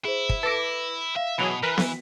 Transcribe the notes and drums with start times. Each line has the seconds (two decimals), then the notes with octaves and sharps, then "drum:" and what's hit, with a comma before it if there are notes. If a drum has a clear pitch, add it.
0.05 E4 G#4 C5
0.29 drum: kick
0.43 A4 B4 D6 A#6
1.16 E5 F5
1.38 B2 E3 F#3 G#4 B5 F7 G7
1.63 E3 A#4 B4
1.78 drum: snare B3